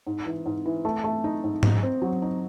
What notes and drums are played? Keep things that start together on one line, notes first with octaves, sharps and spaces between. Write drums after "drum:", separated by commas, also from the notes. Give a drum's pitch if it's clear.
G#2
E3
G#2
E3
A3
A3
D#4
G#2
D#4, drum: tom
C4
F#3
D#4